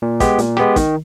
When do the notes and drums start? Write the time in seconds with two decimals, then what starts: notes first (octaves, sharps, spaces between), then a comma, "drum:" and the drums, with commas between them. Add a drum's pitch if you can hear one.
0.02 A#2
0.20 G#3 B3 G4, drum: kick, hi-hat
0.38 A#2, drum: hi-hat
0.57 G#3 B3 G4, drum: rim click
0.76 D#3, drum: kick, hi-hat